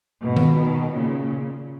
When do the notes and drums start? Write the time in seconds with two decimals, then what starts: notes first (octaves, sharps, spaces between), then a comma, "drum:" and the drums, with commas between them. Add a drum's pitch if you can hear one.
0.23 G#2 B2
0.36 drum: tom D#3
0.58 B2 D#3
0.93 A#2 C#3